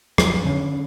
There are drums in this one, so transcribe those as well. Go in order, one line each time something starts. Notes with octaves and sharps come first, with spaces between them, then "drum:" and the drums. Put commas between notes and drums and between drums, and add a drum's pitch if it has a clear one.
F2 F3 F#3, drum: rim click
D3 C#4